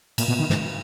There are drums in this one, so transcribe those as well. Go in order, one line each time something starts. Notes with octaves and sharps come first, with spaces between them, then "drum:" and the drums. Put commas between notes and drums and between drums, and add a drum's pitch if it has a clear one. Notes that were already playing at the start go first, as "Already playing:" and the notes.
A#2, drum: cymbal
B2
D#3
G#2, drum: snare